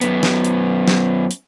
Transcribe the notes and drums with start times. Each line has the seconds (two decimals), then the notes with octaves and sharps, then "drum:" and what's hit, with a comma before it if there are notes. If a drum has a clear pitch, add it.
0.01 F#2 B3, drum: hi-hat
0.23 drum: snare
0.44 drum: hi-hat
0.88 drum: snare
1.31 drum: hi-hat